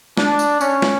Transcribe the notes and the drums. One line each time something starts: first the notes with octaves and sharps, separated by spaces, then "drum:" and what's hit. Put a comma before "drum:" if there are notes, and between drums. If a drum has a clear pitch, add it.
D4, drum: snare
drum: tambourine
C#4, drum: tambourine
drum: snare